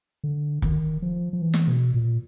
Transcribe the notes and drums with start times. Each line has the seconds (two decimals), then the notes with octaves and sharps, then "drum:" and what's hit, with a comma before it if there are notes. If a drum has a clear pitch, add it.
0.24 D3
0.62 D#3, drum: kick
1.02 F3
1.33 F3
1.42 E3
1.54 drum: snare
1.68 B2
1.94 A#2